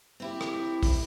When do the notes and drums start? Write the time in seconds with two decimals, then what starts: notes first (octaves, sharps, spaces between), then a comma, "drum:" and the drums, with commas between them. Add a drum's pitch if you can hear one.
0.20 C4 E4 G4
0.41 drum: rim click
0.83 drum: kick, open hi-hat